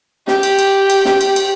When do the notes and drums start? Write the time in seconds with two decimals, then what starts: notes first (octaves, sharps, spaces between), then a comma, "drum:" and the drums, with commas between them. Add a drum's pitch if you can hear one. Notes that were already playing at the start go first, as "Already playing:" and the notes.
0.28 G4, drum: snare
0.43 drum: cymbal
0.59 drum: cymbal
0.90 drum: cymbal
1.05 drum: snare
1.21 drum: cymbal
1.36 drum: cymbal